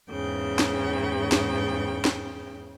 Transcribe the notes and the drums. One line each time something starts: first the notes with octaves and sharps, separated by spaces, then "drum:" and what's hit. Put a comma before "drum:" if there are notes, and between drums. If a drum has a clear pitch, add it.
E2 G#2 C#3 G5
drum: snare
drum: snare
drum: snare